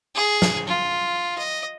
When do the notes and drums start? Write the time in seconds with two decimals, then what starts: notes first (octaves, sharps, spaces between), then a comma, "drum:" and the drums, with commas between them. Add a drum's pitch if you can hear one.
0.15 G#4
0.42 drum: snare
0.68 F4
1.38 D#5